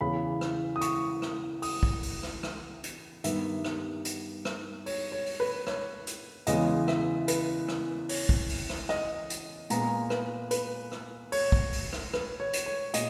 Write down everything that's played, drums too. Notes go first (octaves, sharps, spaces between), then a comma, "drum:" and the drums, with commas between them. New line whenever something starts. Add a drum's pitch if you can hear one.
E2 C#3 E3 B5
drum: rim click
D#6
C#6, drum: hi-hat
drum: rim click
D#6, drum: open hi-hat
drum: kick
drum: open hi-hat
drum: rim click
drum: rim click
drum: hi-hat
G2 D#3 G3 B3 E5, drum: hi-hat
drum: rim click
drum: hi-hat
drum: rim click
C#5, drum: open hi-hat
C#5
drum: open hi-hat
B4
C#5, drum: rim click
drum: hi-hat
E2 C#3 E3 G#3 B3 D#5, drum: hi-hat
E5, drum: rim click
B4, drum: hi-hat
drum: rim click
C#5, drum: open hi-hat
drum: kick
drum: open hi-hat
drum: rim click
D#5, drum: rim click
drum: hi-hat
A#2 G#3 B3 A#5, drum: hi-hat
B4, drum: rim click
B4, drum: hi-hat
drum: rim click
C#5, drum: open hi-hat
drum: kick
drum: open hi-hat
drum: rim click
B4, drum: rim click
C#5
drum: hi-hat
C#5
A#2 G#3 D#5, drum: hi-hat